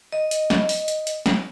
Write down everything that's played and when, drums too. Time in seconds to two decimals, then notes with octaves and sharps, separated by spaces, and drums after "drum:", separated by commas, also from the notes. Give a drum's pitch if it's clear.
0.12 D#5
0.31 drum: hi-hat
0.50 drum: snare
0.69 drum: open hi-hat
0.88 drum: hi-hat
1.07 drum: hi-hat
1.26 drum: snare